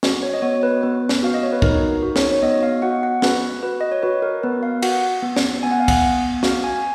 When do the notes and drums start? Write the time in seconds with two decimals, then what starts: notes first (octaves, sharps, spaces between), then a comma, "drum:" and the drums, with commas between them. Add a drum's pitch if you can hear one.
0.03 F#4, drum: snare
0.23 C#5
0.34 D#5
0.42 B3 C#5
0.63 B4
0.83 B3 B4
1.09 drum: snare
1.23 F#4 F5
1.34 D#5
1.43 C#5
1.52 B4
1.62 D#4 A#4, drum: kick
2.03 F#4
2.16 C#5, drum: snare
2.32 C#5
2.43 B3 D#5
2.53 D#5
2.63 F5
2.82 F#4 F#5
3.03 F#5
3.22 F#4 B4, drum: snare
3.63 F#4 B4
3.81 D#5
3.92 C#5
4.03 F#4 B4
4.22 A#4
4.43 B3 B4
4.63 F5
4.82 F#4 F#5, drum: cymbal
5.23 B3
5.36 drum: snare
5.63 B3 G#5
5.72 F#5
5.80 F5
5.88 F#5, drum: kick, cymbal
6.03 B3
6.43 F#4 F5, drum: snare
6.64 G#5